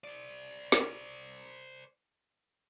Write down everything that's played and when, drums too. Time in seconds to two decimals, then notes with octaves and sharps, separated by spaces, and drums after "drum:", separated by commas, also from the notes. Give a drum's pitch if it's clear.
0.04 C5 D5
0.72 drum: snare